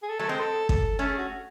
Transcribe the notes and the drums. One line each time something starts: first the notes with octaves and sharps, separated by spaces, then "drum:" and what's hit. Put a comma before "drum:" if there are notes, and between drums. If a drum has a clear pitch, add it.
G#4
A4
F#3 A3 A4
G#3 C4 C5
A4
A4, drum: kick
A3 C#4 A4
G#4
F#4